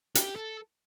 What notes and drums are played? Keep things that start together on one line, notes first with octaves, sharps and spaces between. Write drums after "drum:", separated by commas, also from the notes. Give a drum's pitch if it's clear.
G4, drum: hi-hat
A4